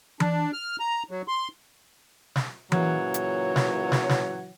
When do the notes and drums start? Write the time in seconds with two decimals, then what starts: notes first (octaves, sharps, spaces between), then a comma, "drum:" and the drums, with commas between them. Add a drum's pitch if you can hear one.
0.20 D4, drum: tom E3
0.53 F6
0.79 A#5
1.11 F#3
1.28 C6
2.36 drum: snare
2.72 A#2 C#3 E3 F#3 C#5 F#5, drum: tom E3
3.14 drum: hi-hat
3.56 drum: snare
3.92 drum: snare
4.09 drum: snare